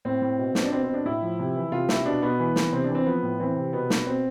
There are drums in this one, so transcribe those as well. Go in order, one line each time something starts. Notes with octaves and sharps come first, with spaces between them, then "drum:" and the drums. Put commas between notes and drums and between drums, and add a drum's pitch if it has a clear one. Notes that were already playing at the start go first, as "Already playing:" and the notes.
A2 C4
A2
B2
B2, drum: snare
D4
B2 C4
C4
B2 D4
A2 E4
F3
C3
E3
C3 F4
C3 E4, drum: snare
B2 D4
B2 B3
E3
E3, drum: snare
C3 C4
D4
E3
C4
F3 B3
A2
E3 C4
C3
B2 B3
B2, drum: snare
B2 C4